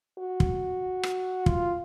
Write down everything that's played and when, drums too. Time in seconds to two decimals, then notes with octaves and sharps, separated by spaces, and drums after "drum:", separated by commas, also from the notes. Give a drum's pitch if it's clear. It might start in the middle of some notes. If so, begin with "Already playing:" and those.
0.19 F#4
0.40 drum: kick
1.03 drum: rim click
1.46 F4, drum: kick